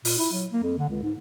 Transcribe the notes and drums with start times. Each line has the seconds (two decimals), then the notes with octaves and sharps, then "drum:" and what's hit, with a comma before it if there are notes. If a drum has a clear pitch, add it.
0.05 A#2, drum: open hi-hat
0.18 E4
0.33 F#3
0.52 A#3
0.63 F2
0.78 D3
0.89 C#2
1.03 G#2